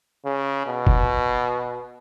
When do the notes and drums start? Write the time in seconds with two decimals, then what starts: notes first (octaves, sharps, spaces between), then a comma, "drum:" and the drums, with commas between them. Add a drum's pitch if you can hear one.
0.25 C#3
0.66 B2
0.87 drum: kick F1